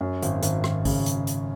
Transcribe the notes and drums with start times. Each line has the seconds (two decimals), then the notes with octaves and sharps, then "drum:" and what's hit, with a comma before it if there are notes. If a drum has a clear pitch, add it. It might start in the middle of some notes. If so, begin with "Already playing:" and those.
0.01 F#2
0.22 G#1, drum: hi-hat
0.43 G#1, drum: hi-hat
0.64 G#1, drum: rim click
0.85 C#3, drum: kick A1, open hi-hat
1.06 drum: hi-hat
1.27 drum: hi-hat